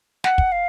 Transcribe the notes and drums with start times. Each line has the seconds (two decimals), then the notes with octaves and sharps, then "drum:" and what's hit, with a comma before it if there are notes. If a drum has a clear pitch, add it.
0.24 F#5, drum: snare
0.38 drum: kick
0.52 F5